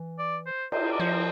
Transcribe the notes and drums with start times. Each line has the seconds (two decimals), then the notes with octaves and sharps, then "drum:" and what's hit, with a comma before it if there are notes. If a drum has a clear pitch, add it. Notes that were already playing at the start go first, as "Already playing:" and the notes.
Already playing: E3
0.18 D5
0.46 C5
0.72 C5, drum: cymbal
0.92 D5
1.00 F3 C5